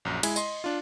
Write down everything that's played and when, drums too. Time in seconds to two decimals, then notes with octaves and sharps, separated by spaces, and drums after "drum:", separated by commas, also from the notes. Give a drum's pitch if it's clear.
0.05 A#1 F#2
0.23 G#3 E4 G#5, drum: cymbal
0.36 D#5 C6, drum: tambourine
0.64 D4 F4